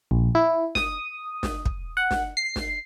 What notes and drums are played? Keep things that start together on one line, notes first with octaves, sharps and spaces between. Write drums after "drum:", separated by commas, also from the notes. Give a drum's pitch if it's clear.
A#1
E4
D#6, drum: snare
drum: snare
drum: kick
F#5
drum: snare
C7
drum: snare